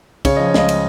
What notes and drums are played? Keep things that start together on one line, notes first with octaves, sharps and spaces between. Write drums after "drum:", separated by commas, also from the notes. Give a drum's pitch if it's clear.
C#3 C#5, drum: kick, cymbal
F3 D#5
C#5
C#2 D#5, drum: snare
drum: cymbal